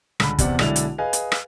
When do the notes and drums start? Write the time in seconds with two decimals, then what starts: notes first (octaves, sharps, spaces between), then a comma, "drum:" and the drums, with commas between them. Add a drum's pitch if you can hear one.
0.20 C#2 D3 B5, drum: rim click
0.39 E2 C3 D5 F#5, drum: kick, hi-hat
0.59 B1 D3 G#3 E4 D5 F7, drum: rim click
0.76 drum: hi-hat
0.98 G#4 B4 D#5 F5 G#5
1.13 drum: hi-hat
1.32 drum: rim click